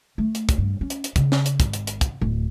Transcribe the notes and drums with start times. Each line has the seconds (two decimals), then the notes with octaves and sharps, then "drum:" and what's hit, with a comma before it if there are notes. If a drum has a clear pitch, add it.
0.18 A3
0.35 drum: hi-hat
0.49 drum: kick, hi-hat
0.58 G2
0.81 C#4
0.90 drum: hi-hat
1.04 drum: hi-hat
1.16 C#3, drum: kick, hi-hat
1.32 drum: snare
1.46 drum: hi-hat
1.60 G#1, drum: kick, hi-hat
1.73 drum: hi-hat
1.87 drum: hi-hat
2.01 drum: kick, hi-hat
2.21 D1